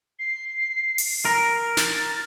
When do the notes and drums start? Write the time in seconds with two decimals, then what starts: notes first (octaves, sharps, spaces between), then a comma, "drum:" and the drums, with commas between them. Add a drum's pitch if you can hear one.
0.19 C7
0.98 drum: open hi-hat
1.25 A#4
1.77 A6, drum: snare